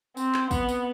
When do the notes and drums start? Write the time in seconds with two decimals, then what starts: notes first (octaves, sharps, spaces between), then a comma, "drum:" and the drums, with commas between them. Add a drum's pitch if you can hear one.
0.17 C4, drum: tambourine
0.34 drum: clap
0.51 B3, drum: kick, tambourine
0.69 drum: tambourine